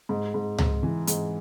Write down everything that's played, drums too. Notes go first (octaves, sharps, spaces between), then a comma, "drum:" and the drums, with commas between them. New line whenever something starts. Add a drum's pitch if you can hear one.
G#2
G#2
G#2, drum: tom C#2
E3
G#2, drum: hi-hat